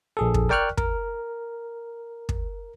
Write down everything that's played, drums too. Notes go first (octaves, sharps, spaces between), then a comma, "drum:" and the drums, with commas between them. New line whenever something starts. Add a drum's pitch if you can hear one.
A#1 G#4 A4
drum: kick
A#4 D5 G5 C#6 F6 F#6
A#4, drum: kick
drum: kick